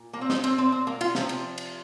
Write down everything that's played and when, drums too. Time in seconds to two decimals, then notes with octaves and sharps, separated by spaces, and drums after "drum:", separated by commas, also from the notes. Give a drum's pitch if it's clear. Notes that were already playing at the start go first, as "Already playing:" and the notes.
Already playing: A#2
0.13 A#3
0.21 C4
0.30 D#4, drum: snare
0.44 C4, drum: cymbal
0.58 C4
0.72 C4
0.87 A#3
1.01 F4, drum: cymbal
1.15 C3 F3, drum: snare
1.29 drum: cymbal
1.58 drum: cymbal